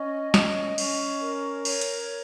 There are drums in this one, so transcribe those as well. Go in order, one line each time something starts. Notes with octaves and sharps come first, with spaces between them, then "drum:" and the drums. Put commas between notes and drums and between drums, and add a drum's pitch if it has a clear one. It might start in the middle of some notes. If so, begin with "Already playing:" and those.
Already playing: C#4 D#5
C#4, drum: snare
C#4, drum: cymbal
A#4
C#5, drum: cymbal
drum: hi-hat